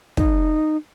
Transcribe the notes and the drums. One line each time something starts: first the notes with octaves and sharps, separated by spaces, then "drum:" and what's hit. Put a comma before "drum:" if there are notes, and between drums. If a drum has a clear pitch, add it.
D#4, drum: kick